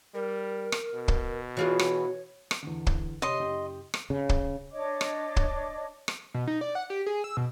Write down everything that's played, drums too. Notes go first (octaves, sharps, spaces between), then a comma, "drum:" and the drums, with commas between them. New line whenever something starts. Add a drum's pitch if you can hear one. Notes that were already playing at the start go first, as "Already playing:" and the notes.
G3 A#4
drum: rim click
B2
drum: kick
E3 F4 F#4 G#4 C#5
drum: rim click
drum: rim click
E2 D3
drum: kick
C3 C#5 D#5 C6
F#1 G4
drum: rim click
C#3
drum: kick
D4 C#5 D#5 D6
drum: rim click
drum: kick
drum: rim click
B2
D#4
D5
F#5
G4
G#4
E6
B2